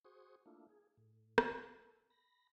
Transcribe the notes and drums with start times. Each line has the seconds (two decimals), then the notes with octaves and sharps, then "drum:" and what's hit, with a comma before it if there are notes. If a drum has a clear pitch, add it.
0.05 F#4 G#4 C5 C6 C#6 D#6
0.46 A3 A#3 D4 E4 F4
0.69 G#4
0.97 A2
1.38 drum: rim click
1.80 A4
2.10 B5 A#6